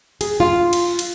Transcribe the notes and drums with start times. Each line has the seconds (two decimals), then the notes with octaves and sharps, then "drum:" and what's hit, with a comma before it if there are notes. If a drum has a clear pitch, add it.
0.21 G#4, drum: cymbal
0.40 F4
0.73 drum: cymbal
0.99 drum: cymbal